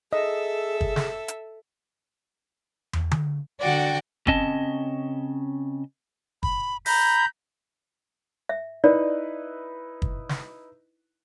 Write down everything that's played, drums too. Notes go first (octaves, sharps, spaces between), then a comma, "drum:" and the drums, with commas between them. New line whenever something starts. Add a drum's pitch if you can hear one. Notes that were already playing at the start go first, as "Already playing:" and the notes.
G#4 A4 D#5 E5
drum: kick
drum: snare
drum: hi-hat
drum: tom
drum: tom D3
D3 F#4 D5 F#5 G5
C#3 C4 C#4 D#5 A5, drum: kick
B5, drum: kick
A#5 B5 G6, drum: open hi-hat
E5
D#4 E4 B4 D5
drum: kick
drum: snare